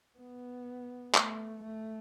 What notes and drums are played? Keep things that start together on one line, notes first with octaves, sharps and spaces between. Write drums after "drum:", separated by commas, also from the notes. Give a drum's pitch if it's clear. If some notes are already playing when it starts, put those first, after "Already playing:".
B3
A3, drum: clap
A3